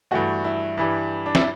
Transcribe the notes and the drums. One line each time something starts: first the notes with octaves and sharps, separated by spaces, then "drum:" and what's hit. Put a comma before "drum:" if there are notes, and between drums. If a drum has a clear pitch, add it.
G2 E3 A3 F#4
E4
G2 E3 G3
D4
E4, drum: snare